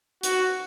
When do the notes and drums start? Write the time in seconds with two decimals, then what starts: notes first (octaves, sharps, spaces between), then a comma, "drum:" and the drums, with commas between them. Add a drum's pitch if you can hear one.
0.23 F#4, drum: hi-hat